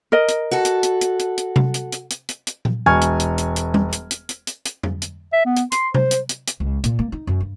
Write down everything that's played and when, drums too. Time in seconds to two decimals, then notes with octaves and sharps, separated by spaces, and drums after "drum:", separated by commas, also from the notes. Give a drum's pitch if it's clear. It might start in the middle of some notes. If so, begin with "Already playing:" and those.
0.12 A#4 D#5
0.28 drum: hi-hat
0.51 F#4 A4
0.65 drum: hi-hat
0.83 drum: hi-hat
1.01 drum: hi-hat
1.19 drum: hi-hat
1.38 drum: hi-hat
1.56 drum: tom C3
1.74 drum: hi-hat
1.92 drum: hi-hat
2.10 drum: hi-hat
2.29 drum: hi-hat
2.47 drum: hi-hat
2.65 drum: tom A#2
2.86 E1 G#5 C#6 F6 G#6
3.01 drum: hi-hat
3.20 drum: hi-hat
3.38 drum: hi-hat
3.56 drum: hi-hat
3.74 drum: tom G3
3.92 drum: hi-hat
4.11 drum: hi-hat
4.29 drum: hi-hat
4.47 drum: hi-hat
4.65 drum: hi-hat
4.83 drum: tom F2
5.02 drum: hi-hat
5.33 E5
5.46 B3
5.56 drum: hi-hat
5.72 C6, drum: hi-hat
5.94 C5, drum: tom C3
6.11 drum: hi-hat
6.29 drum: hi-hat
6.47 drum: hi-hat
6.60 C#2
6.84 A#2, drum: hi-hat
6.99 A#3
7.12 D#4
7.27 F#2
7.40 G2